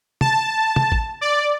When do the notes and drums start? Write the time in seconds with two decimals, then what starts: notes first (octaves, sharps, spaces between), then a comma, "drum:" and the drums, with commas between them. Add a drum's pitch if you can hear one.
0.21 A5, drum: tom
0.76 drum: tom
0.92 drum: kick A1
1.21 D5